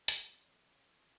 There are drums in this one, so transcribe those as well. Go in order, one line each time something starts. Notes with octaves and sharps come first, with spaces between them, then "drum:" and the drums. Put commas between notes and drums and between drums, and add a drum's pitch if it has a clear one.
drum: hi-hat
D3 F3 A3 B3 C#4 D#4